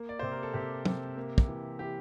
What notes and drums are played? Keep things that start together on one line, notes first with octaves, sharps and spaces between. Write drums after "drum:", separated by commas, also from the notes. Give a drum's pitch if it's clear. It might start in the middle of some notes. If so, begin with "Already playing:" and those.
Already playing: A#3
D5
C3 C5
A#4
A4
C3 G4
C3, drum: tom
A#3
drum: kick
E3
E3 G4